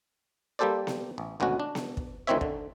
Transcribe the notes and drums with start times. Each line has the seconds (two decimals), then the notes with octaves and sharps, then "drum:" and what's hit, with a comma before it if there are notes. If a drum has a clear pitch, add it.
0.59 G3 A#3 G4 A4 C5 D5
0.87 drum: snare B3
1.18 A1
1.40 G#1 D2 B2 C#4 F#4
1.60 D4
1.75 drum: snare B3
1.97 drum: kick
2.27 D2 D#3 E3 C4 C#5 E5
2.41 D3, drum: kick